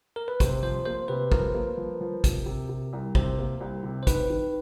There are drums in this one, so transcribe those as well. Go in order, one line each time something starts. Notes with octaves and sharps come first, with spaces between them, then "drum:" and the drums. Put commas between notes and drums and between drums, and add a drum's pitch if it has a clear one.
A#4
B4
C3 C5, drum: kick, hi-hat
F3 C5
A#3 C5
C3 B4
F3 A#4, drum: kick
A#3
F3
F3
C3, drum: kick, hi-hat
C3
C3
C2
C3 C5, drum: kick
A#3
C2
C3
C5
D#3 B4, drum: kick, hi-hat
D#3